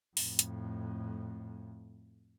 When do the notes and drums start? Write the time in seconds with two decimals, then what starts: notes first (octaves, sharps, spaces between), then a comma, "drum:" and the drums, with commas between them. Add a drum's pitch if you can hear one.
0.17 F2 A2, drum: open hi-hat
0.39 drum: hi-hat